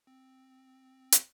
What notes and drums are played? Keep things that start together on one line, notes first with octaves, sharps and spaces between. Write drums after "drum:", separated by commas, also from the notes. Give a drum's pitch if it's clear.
C4
drum: hi-hat